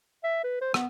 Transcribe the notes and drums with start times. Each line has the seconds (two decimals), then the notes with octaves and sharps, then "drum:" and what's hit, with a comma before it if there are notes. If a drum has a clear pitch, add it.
0.24 E5
0.44 B4
0.61 C5
0.74 B3, drum: rim click